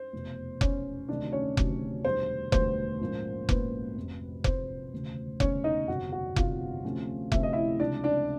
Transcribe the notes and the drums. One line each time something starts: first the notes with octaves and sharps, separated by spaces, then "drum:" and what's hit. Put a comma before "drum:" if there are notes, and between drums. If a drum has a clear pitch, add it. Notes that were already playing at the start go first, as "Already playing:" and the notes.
Already playing: C5
F1 E2 B2
F1 E2 B2 C#4 C#5, drum: kick F1
D2 C3 D#3 F#3 D4 D5
C#4 C#5
D2 C3 D#3 F#3, drum: kick F1
E1 D2 D3 G3 B3 C5
E1 D2 D3 G3 B3 C5, drum: kick F1
A#1 G#2 F3 A#3 C#4
A#1 G#2 F3 A#3 C#4 B4, drum: kick F1
F1 F2 C3
F1 F2 C3 C5, drum: kick F1
E1 D2 C#3
E1 D2 C#3 C#4 C#5, drum: kick F1
D#4 D#5
G1 F2 C3 F#4 F#5
F#4 F#5
G1 F2 C3 F4 F5, drum: kick F1
D2 C3 F3 A3 C#4
D2 C3 F3 A3 C#4 E5, drum: kick F1
D#5
E4 E5
C#2 C3 F3 D4 D5
D4 D5